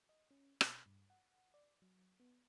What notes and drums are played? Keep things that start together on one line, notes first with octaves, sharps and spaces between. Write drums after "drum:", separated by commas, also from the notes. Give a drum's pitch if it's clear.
D#5
C#4
B2, drum: rim click
G2
F#5
D5
F#3
B3